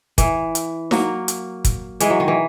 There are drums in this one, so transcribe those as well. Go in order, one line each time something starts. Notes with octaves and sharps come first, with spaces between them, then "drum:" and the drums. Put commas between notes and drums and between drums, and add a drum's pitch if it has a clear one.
E3, drum: kick, hi-hat
drum: hi-hat
F#3 A#3, drum: snare D#4
drum: hi-hat
drum: kick, hi-hat
E3 G#3, drum: hi-hat
F#3
D#3
E3